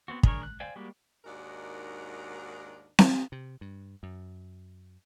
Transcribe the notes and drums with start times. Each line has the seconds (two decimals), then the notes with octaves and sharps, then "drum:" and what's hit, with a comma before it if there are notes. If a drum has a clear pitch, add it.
0.08 B3 C4 F#4
0.23 D4 G#4 A#4 C#5, drum: kick
0.43 F#6
0.60 C5 D5 F5 G5 G#5
0.76 G3 G#3 A#3 F#4 G4
1.24 D#2 G#2 D4 F#4 A#4
2.99 drum: snare C4
3.32 C3
3.61 G2
4.03 F#2